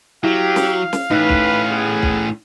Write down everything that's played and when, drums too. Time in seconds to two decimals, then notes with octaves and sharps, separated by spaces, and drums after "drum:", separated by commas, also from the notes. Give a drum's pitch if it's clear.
0.24 F#3 E4 G4 F5
0.56 drum: snare
0.93 drum: snare
1.11 A2 C#4 D#4 B4
1.29 drum: kick
1.71 B3 G#4
2.03 drum: kick